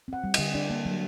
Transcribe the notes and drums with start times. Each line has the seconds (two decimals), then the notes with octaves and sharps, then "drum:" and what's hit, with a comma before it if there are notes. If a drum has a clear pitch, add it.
0.08 C4 F#5
0.24 G3
0.34 D3 D#5, drum: cymbal
0.54 D4 D5
0.70 A#3
0.85 F#3